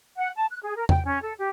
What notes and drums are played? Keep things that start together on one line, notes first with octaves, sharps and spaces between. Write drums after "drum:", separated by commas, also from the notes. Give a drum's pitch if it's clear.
F#5
A5
F#6
G#4
A#4
G5, drum: tom E2
C#4
A4
G4